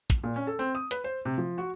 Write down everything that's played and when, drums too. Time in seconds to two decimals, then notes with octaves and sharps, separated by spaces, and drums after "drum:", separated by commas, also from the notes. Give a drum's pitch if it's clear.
0.10 drum: kick, hi-hat
0.24 A#2
0.36 C#4
0.47 A4
0.59 C4
0.75 D#6
0.91 B4, drum: hi-hat
1.04 C5
1.25 C3
1.38 F3
1.58 F#4